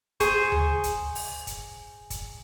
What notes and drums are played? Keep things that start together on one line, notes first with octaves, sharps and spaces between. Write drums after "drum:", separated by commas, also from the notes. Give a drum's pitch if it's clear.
G#4 C5 C#6, drum: kick, hi-hat
drum: tom D2
drum: kick, hi-hat
drum: open hi-hat
drum: kick, hi-hat
drum: kick, hi-hat